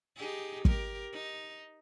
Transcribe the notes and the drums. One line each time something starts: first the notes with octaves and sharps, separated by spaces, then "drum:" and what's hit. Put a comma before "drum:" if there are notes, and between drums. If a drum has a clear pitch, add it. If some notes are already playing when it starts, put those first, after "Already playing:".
D#4 G4 G#4
G4 A#4, drum: kick
D#4